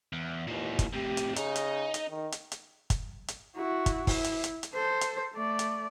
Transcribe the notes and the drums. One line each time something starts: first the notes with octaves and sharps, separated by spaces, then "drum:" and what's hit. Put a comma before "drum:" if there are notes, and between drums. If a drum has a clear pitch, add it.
E2
D#2 A#2 E3
drum: kick, hi-hat
A2 C3 G4
drum: hi-hat
C#3 D#4, drum: hi-hat
drum: hi-hat
drum: hi-hat
D#3
drum: hi-hat
drum: hi-hat
drum: kick, hi-hat
drum: hi-hat
E4 F#4
drum: kick, hi-hat
E4, drum: kick, open hi-hat
drum: hi-hat
drum: hi-hat
drum: hi-hat
A4 C5
drum: hi-hat
A3 D5
drum: hi-hat